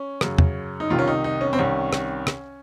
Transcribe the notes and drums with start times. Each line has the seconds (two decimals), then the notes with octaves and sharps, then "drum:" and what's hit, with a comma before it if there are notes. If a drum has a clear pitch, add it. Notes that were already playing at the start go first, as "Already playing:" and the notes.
Already playing: C#4
0.21 F#2 C#3, drum: rim click
0.38 drum: tom E2
0.80 D#4
0.90 C2 C3 D#3 F4
0.99 C#4
1.08 D#4
1.24 D#4
1.41 C#4
1.53 C4
1.58 C2 C3 D#3 C#4
1.93 drum: rim click
2.27 drum: rim click